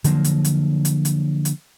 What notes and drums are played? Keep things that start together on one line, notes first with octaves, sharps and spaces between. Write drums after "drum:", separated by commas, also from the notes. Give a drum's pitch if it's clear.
D3 F3 F#3 A#3, drum: hi-hat
drum: hi-hat
drum: hi-hat
drum: hi-hat
drum: hi-hat
drum: hi-hat